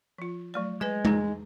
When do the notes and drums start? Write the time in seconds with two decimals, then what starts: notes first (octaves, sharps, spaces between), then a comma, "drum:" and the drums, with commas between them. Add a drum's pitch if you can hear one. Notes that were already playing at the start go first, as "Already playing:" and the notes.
0.18 F3 F4
0.54 F#3 A3 D5
0.81 G#3 B4 D#5 G#5
1.05 D#4 G#4, drum: tom G#3